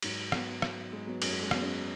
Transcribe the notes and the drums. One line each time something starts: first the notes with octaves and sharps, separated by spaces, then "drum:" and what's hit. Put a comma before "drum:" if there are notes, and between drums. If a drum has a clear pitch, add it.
G#2 F#3, drum: cymbal
F#3 B3, drum: rim click
F#3, drum: rim click
G#3
F#3 B3
F#2 F#3 G#3, drum: cymbal
G#3
G#3
F#3 B3, drum: rim click
G#3 C#4